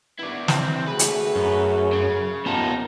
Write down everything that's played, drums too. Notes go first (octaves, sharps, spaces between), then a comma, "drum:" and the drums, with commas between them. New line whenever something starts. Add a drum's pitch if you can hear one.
G2 D#3 B3 E4 D5
C3 E3 C4, drum: snare
A3 F#4 G#4 B4
drum: hi-hat
F#2
C#3
D#2 B3 D#4 F4 A5